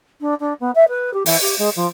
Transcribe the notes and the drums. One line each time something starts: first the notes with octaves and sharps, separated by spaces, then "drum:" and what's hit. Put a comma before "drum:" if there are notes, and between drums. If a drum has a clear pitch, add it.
D4
D4
B3
E5
B4
G4
E3, drum: open hi-hat
G4
G#3
F3